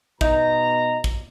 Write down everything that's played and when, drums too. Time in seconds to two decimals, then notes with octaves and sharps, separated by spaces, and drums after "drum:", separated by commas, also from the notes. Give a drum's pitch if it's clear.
0.21 B2 D#4 A#5, drum: kick
1.04 drum: kick